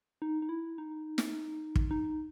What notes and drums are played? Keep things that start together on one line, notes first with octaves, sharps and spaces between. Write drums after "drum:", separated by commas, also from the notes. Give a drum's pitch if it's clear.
D#4
D#4
E4
D#4
drum: snare
drum: kick
D#4